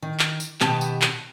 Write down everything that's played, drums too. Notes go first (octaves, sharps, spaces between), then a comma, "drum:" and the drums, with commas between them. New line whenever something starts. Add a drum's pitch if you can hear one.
D#3
drum: clap
drum: tambourine
B2 D#3 B3 G4 A5, drum: clap
drum: tambourine
drum: clap